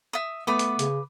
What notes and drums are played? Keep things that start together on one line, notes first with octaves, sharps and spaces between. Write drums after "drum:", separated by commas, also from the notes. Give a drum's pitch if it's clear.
E5 D#6
A3 B3 B4 D6 D#6
drum: hi-hat
C#3, drum: hi-hat